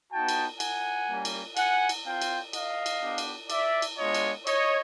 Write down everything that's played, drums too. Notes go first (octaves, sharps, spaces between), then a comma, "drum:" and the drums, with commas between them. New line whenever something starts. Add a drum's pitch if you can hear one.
B3 D#4 F#4 G5 A5
drum: cymbal
F#5 G#5, drum: cymbal
G3 A#3 C#4
drum: cymbal
F#5 G#5, drum: cymbal
drum: cymbal
C4 F4 F5 G5
drum: cymbal
D#5 F5, drum: cymbal
drum: cymbal
B3 D4 G4
drum: cymbal
D5 E5, drum: cymbal
drum: cymbal
G#3 B3 D4 F4 C#5 D#5
drum: cymbal
C#5 D#5, drum: cymbal